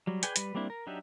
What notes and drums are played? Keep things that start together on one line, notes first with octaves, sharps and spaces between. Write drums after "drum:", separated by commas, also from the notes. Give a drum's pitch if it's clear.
F#3 G3
G#4 B4 D5 G5 G#5, drum: hi-hat
G3 B4, drum: hi-hat
G3 A#3 C4 D4 E4
A#4
F#3 D4 D#4 G4 E5